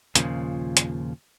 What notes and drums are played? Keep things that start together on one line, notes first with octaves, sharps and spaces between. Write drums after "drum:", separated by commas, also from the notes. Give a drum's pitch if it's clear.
D#2 A#2 C#3 F3, drum: hi-hat
drum: hi-hat